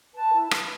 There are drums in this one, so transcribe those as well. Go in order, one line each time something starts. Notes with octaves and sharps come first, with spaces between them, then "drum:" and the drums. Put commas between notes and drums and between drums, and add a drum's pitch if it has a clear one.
B4 A5
E4
B4, drum: rim click